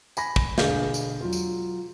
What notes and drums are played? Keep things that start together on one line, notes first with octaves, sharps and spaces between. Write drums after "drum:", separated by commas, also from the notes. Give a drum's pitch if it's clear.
G#5 B5 A#6, drum: tambourine
drum: kick
E1 D3 G#4 D5 F5 G6, drum: snare
drum: tambourine
F#3 F4
drum: tambourine